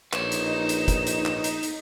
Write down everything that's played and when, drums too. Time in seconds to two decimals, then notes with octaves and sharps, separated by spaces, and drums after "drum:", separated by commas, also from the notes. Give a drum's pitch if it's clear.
0.13 A#1 D#4 B4 C#5 E7, drum: clap
0.32 drum: hi-hat
0.69 drum: hi-hat
0.88 drum: kick, hi-hat
1.07 drum: hi-hat
1.25 drum: clap
1.44 drum: hi-hat
1.63 drum: hi-hat